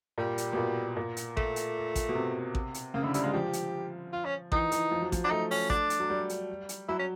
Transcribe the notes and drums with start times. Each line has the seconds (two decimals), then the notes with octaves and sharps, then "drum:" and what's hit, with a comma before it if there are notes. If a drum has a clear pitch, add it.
0.18 A#2 G3
0.38 drum: hi-hat
0.53 B2
0.57 A#2
0.97 A#2
1.17 drum: hi-hat
1.37 A3, drum: kick A1
1.56 drum: hi-hat
1.95 drum: kick A1, hi-hat
2.09 B2
2.15 C3
2.55 drum: kick A1
2.74 drum: hi-hat
2.94 C#3 A#3
3.03 D3 E4
3.14 G3 E4, drum: hi-hat
3.23 G#3 F4
3.33 F3 G4
3.53 drum: hi-hat
4.13 F4
4.25 C#4
4.52 E3 D#4, drum: kick A1
4.72 E3, drum: hi-hat
4.91 F3
5.01 F#3
5.12 F3, drum: kick A1, hi-hat
5.24 D4
5.30 A3 D#4
5.51 C#4, drum: open hi-hat
5.70 D4, drum: kick A1
5.90 drum: hi-hat
5.99 F#3
6.10 G3
6.29 drum: hi-hat
6.69 drum: hi-hat
6.88 F#3 E4
6.99 C#4